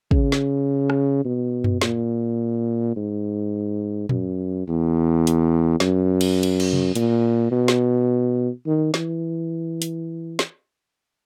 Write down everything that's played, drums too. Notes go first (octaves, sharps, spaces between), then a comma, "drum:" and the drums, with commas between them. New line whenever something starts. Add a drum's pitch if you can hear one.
C#3, drum: kick
drum: snare
drum: rim click
B2
drum: tom F#2
A#2, drum: snare
G#2
F#2, drum: tom A#2
E2
drum: hi-hat
F#2, drum: snare
drum: cymbal
drum: cymbal
drum: cymbal
drum: tom C3
A#2, drum: hi-hat
B2
drum: snare
D#3
E3, drum: snare
drum: hi-hat
drum: snare